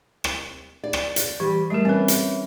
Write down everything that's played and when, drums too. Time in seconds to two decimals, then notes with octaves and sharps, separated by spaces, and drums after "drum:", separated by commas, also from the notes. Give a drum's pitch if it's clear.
0.24 drum: rim click
0.84 D5
0.93 drum: rim click
1.16 drum: hi-hat
1.40 E3 G3
1.70 G3 A3 A#4
1.85 E3 C4 C#4 B4
2.08 drum: hi-hat